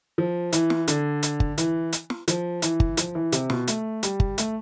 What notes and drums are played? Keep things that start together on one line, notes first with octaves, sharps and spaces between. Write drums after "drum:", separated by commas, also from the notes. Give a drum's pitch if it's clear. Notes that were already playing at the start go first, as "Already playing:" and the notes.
F3
E3, drum: hi-hat
drum: snare
D3, drum: hi-hat
drum: hi-hat
drum: kick G1
E3, drum: hi-hat
drum: hi-hat
drum: snare
F3, drum: hi-hat
E3, drum: hi-hat
drum: kick G1
F3, drum: hi-hat
E3
C3, drum: hi-hat
B2, drum: snare
A3, drum: hi-hat
G3, drum: hi-hat
drum: kick G1
A3, drum: hi-hat